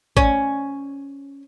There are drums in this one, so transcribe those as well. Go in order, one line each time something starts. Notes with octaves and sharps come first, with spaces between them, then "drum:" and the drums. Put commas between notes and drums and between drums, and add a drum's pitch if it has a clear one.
C#4, drum: kick